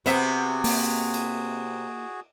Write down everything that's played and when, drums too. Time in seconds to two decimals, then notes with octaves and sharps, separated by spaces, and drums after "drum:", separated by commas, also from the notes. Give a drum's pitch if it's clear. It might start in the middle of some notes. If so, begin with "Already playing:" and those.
0.06 C3 B3 C4 F#4 G#4 E5, drum: hi-hat
0.64 A#3, drum: open hi-hat
1.14 drum: cymbal